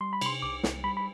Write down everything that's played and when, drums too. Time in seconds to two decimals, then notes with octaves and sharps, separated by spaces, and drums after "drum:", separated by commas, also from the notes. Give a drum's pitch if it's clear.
0.01 G3 C6
0.13 B5
0.21 C3 C6, drum: cymbal
0.42 C2 D6
0.63 C2, drum: snare
0.84 G3 B5
0.97 B5